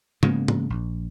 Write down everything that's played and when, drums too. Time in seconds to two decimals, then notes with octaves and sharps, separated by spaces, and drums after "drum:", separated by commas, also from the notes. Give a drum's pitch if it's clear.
0.23 C#3 G#3 A#3 B3, drum: tom
0.48 drum: tom
0.70 A#1